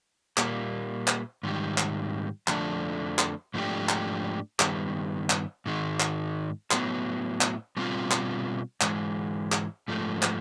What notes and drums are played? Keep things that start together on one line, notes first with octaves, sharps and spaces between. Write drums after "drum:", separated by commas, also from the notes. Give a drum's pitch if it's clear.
A#2 G3 A#3, drum: clap
drum: clap
G#2 D#3 G3
drum: clap
F2 D3 F3 A3 D4, drum: clap
drum: clap
G#2 F3 A3 D4 G4
drum: clap
G2 D#3 G3 B3, drum: clap
drum: clap
G#2 D#3 G#3
drum: clap
A2 F#3 B3, drum: clap
drum: clap
B2 G3 C4 F4
drum: clap
G#2 E3 G#3, drum: clap
drum: clap
G#2 F3 A3
drum: clap